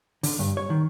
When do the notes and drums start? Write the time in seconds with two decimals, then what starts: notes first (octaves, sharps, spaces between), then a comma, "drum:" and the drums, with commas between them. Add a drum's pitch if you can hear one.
0.23 D3, drum: open hi-hat
0.39 G2
0.57 C#5
0.70 D#3